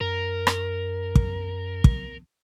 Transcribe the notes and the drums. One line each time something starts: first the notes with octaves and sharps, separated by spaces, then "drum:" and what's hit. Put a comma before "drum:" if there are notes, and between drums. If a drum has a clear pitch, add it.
F#2 A#4
drum: rim click
drum: kick
drum: kick